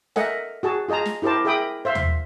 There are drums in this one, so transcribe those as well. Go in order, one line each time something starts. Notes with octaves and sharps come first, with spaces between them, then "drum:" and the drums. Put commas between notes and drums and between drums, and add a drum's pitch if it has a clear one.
A4 A#4 D#5 E5 F#5 G#5, drum: snare
F#4 G#4 A5
F4 G#4 D#5 A5 A#5
drum: snare
E4 G4 A#4 C5 A5
G#4 A#4 E5 G5 B5 D#6
C5 E5 F5
drum: tom